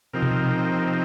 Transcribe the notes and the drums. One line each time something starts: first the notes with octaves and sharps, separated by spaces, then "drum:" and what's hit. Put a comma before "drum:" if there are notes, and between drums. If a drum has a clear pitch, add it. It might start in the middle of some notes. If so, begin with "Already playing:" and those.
C3 F3 C4 D#4 A#4
drum: tom B2